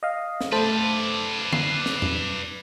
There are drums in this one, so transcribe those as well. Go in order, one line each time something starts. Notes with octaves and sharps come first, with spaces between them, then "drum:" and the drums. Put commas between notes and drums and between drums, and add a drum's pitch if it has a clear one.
D#5 F5
drum: snare
A3 B4 C5 D5 A5
C7, drum: tom D3
drum: snare
drum: tom E2